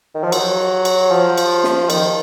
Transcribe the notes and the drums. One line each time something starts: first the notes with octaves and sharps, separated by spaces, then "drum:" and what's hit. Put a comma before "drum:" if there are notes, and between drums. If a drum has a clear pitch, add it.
D#3
F3
F#3, drum: cymbal
drum: cymbal
F3
drum: cymbal
drum: snare
D#3, drum: cymbal